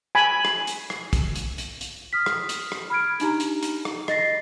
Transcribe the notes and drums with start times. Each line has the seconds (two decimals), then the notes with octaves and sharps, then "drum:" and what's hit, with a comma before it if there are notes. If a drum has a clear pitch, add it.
0.15 G#5 B5
0.45 drum: rim click
0.67 drum: hi-hat
0.90 drum: rim click
1.13 drum: kick, hi-hat
1.35 drum: hi-hat
1.58 drum: hi-hat
1.81 drum: hi-hat
2.13 D#6 F6 B6
2.26 drum: rim click
2.49 drum: hi-hat
2.72 drum: rim click
2.90 B5 F6 G#6 D7
3.20 D4 D#4 G4 A#5, drum: hi-hat
3.40 drum: hi-hat
3.63 drum: hi-hat
3.85 drum: rim click
4.08 D#5 A6 A#6 C7, drum: rim click